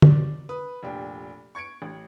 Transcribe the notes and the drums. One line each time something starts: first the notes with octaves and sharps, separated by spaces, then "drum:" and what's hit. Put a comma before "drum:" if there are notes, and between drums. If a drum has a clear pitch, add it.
D5, drum: tom
B4 D#6
F1 A#2 D4 G4
C#6 G#6 C#7 D7
A1